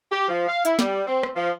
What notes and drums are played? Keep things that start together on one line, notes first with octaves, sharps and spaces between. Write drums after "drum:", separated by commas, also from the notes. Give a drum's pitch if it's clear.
G4
F3
F5
E4, drum: hi-hat
G3, drum: snare
C4
drum: rim click
F3